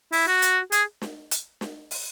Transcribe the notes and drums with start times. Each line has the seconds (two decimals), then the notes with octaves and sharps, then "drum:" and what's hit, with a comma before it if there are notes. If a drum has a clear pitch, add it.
0.12 E4, drum: open hi-hat
0.28 F#4
0.42 drum: hi-hat
0.72 G#4, drum: hi-hat
1.02 drum: snare
1.31 drum: hi-hat
1.61 drum: snare
1.91 drum: open hi-hat